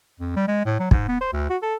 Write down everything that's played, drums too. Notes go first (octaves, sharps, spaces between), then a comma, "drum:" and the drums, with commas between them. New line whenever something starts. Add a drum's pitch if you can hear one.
F2
G3
G#3
A2
F#3
G#2, drum: kick
B3
C5
D2
F#4
A4